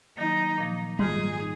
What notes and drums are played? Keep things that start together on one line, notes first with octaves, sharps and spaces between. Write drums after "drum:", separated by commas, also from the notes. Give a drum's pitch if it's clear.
D#3 F#3 A#3 D#4
A#2 F3 A#3
G#2 D#3 A#3 F4 G#4, drum: tom F#3
D#4